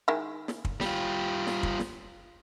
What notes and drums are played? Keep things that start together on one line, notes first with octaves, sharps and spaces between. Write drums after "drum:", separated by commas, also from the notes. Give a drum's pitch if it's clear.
D#3 G#3 E4
drum: snare
drum: kick
G3 F4, drum: snare
drum: snare
drum: kick
drum: snare